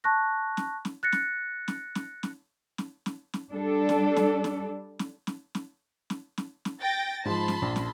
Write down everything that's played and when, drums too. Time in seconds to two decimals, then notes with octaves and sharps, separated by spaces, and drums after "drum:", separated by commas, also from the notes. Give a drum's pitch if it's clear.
0.04 A5 C#6 F#6 A#6
0.57 drum: snare
0.85 drum: snare
1.03 F#6 A6 A#6 C#7
1.12 drum: snare
1.68 drum: snare
1.95 drum: snare
2.23 drum: snare
2.78 drum: snare
3.06 drum: snare
3.34 drum: snare
3.52 G3 D4 A4
3.89 drum: snare
4.16 drum: snare
4.44 drum: snare
4.99 drum: snare
5.27 drum: snare
5.55 drum: snare
6.10 drum: snare
6.38 drum: snare
6.65 drum: snare
6.81 G5 A6 A#6
7.25 G#2 F3 A5 B5 C6
7.48 drum: snare
7.62 A#1
7.76 drum: snare